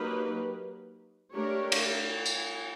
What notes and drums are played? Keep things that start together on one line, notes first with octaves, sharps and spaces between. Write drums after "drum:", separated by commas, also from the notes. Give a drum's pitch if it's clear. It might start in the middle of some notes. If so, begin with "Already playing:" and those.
Already playing: F#3 A#3 D#4 G4 B4
A3 D4 G4 A#4 C#5
drum: cymbal
drum: tambourine